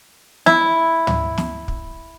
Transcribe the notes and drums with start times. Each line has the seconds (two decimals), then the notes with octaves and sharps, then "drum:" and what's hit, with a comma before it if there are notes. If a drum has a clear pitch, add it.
0.46 E4, drum: snare
1.07 drum: tom
1.38 drum: snare
1.68 drum: kick